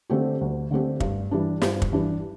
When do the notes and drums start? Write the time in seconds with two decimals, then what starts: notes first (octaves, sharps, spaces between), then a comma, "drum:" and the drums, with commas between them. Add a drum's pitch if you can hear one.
0.10 D3 A3 C4 G4
0.41 D2
0.71 D3 A3 C4 G4
1.00 G2, drum: kick
1.31 E3 G3 D4
1.62 G2, drum: snare
1.82 drum: kick
1.92 E3 G3 D4